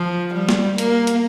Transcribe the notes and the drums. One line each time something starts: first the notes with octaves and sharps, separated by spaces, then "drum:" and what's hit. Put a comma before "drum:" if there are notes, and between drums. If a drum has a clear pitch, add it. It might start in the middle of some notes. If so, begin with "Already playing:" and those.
Already playing: F3
G3
drum: snare
A#3, drum: hi-hat
drum: hi-hat